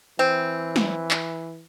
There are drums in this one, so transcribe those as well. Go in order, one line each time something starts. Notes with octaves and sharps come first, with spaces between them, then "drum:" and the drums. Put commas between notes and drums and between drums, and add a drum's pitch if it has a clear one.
E3 C4
drum: snare
drum: clap